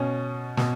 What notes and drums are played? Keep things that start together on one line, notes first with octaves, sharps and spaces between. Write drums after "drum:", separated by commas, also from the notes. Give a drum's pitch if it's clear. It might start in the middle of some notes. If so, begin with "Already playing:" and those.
Already playing: B2 C#4
B2, drum: snare